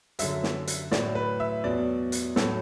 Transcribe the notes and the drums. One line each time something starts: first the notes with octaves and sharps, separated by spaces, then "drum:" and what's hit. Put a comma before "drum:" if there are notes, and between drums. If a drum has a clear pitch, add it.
F#2 D3 F#3 E5, drum: hi-hat
drum: snare
drum: hi-hat
A2 F#3 D5, drum: snare
B4
E5
E2 B2 F#3 D5
drum: hi-hat
A2 F#3 A4, drum: snare